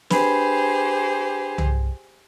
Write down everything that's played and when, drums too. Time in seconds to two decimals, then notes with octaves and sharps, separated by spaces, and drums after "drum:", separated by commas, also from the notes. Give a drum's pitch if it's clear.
0.10 D4 G4 G#4 B4 C5 B5, drum: snare
1.58 drum: tom C2